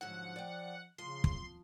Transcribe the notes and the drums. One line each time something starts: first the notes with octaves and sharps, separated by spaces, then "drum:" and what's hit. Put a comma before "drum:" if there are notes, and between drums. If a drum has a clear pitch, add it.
G#2 D3 F3 F#3 F#5
D5 G5
C#3 F3 C6
drum: kick